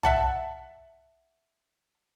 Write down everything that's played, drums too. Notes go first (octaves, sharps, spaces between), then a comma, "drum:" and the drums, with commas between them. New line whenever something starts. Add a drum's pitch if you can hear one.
E5 F#5 A5, drum: tom